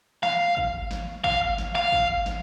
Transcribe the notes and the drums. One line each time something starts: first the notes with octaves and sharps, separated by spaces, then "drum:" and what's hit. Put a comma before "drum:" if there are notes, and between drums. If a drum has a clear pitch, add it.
F5, drum: snare
drum: kick
drum: snare
F5, drum: kick
drum: snare
F5
drum: kick
drum: snare